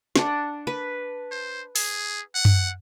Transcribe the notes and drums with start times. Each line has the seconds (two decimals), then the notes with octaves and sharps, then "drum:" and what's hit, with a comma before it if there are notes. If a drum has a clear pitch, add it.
0.16 D4 F#5, drum: snare
0.67 B4
1.31 C5
1.76 G#4, drum: open hi-hat
2.35 F#5
2.45 drum: tom F#2